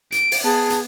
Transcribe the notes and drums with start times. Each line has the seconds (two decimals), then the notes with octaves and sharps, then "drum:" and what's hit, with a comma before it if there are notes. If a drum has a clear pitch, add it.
0.12 D7, drum: hi-hat
0.32 drum: open hi-hat
0.43 B3 G#4 A5
0.70 drum: hi-hat